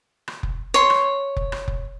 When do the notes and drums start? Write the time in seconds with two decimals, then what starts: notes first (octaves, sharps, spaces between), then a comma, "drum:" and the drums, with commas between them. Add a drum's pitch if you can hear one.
0.28 drum: rim click
0.43 drum: kick F1
0.74 C#5 C6
0.90 drum: rim click
1.37 drum: kick F1
1.52 drum: rim click
1.68 drum: kick F1